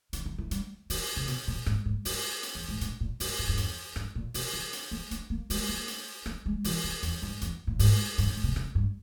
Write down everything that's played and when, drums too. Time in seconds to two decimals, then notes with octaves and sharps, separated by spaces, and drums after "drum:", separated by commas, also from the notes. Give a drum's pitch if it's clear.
0.13 D#3, drum: hi-hat
0.26 D#3
0.38 E3
0.51 G3, drum: hi-hat
0.90 D#3, drum: open hi-hat
1.17 C#3
1.28 B2, drum: hi-hat
1.48 A#2
1.66 G#2, drum: rim click
1.86 G#2
2.05 G2, drum: open hi-hat
2.43 drum: hi-hat
2.55 E2
2.68 G#2
2.81 A#2, drum: hi-hat
3.01 A#2
3.20 G2, drum: open hi-hat
3.39 G2
3.49 G2
3.57 E2, drum: hi-hat
3.96 G2, drum: rim click
4.15 A#2
4.34 B2, drum: open hi-hat
4.53 D#3
4.73 drum: hi-hat
4.91 A#3
5.11 A#3, drum: hi-hat
5.30 A#3
5.50 G#3, drum: open hi-hat
5.69 A#3
5.88 drum: hi-hat
6.26 A#3, drum: rim click
6.46 G#3
6.64 E3, drum: open hi-hat
6.84 D#3
7.03 E2, drum: hi-hat
7.22 G2
7.41 E2, drum: hi-hat
7.67 A#2
7.79 G#2, drum: open hi-hat
8.18 G2, drum: hi-hat
8.30 G#2
8.44 B2
8.56 C#3, drum: rim click
8.75 G2